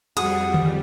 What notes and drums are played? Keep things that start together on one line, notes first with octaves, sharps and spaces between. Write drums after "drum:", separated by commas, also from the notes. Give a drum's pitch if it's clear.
F2 G3 F#4 G#4 F#5 D#6, drum: hi-hat
drum: tom D3